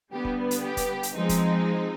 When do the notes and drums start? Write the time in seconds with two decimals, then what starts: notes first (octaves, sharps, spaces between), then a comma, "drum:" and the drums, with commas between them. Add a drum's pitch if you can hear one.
0.11 D3 G3 B3 G4
0.25 drum: kick F1
0.51 drum: hi-hat
0.64 G4
0.77 drum: kick F1, hi-hat
1.03 drum: hi-hat
1.16 F3 G#3 C4 D#4
1.29 drum: kick F1, hi-hat